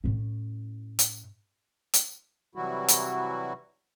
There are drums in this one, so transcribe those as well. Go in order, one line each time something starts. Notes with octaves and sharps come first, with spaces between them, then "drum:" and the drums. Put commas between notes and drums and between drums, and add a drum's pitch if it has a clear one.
A2 C#4
drum: hi-hat
drum: hi-hat
C3 E3 F#3 G3 E4 F#4
drum: hi-hat